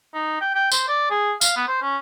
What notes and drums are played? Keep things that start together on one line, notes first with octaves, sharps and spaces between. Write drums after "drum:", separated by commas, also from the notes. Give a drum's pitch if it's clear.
D#4
G5
G5
C5, drum: tambourine
D5
G#4
F5, drum: tambourine
B3
C5
C#4